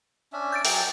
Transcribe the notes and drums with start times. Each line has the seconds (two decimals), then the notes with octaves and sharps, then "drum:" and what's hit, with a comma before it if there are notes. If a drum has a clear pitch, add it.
0.33 C#4 D4 E5
0.52 G6 A6 D7
0.65 F#3 G#4 G5, drum: open hi-hat